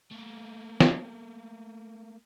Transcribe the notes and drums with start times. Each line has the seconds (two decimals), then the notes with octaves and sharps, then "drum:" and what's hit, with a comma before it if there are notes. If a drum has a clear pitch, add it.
0.11 A3 A#3
0.80 drum: snare